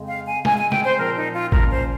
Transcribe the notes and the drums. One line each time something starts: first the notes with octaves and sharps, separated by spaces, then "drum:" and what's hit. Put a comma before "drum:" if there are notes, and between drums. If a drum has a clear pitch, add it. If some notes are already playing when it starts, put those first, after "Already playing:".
Already playing: F2 C#3 G#3 C4
F5
G#5
C#3 G#3 C4 G#5, drum: snare
G#5
G5, drum: snare
C5
A#2 F3 C4 A#4
D#4
F4
A#2 F3 A#3 C#4 A#4, drum: kick G#1
C5